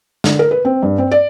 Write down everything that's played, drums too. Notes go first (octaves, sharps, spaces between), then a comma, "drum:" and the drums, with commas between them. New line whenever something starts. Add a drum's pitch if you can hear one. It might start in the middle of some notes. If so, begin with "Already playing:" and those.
D3, drum: snare
A#4
B4
C4
G2
C4
D5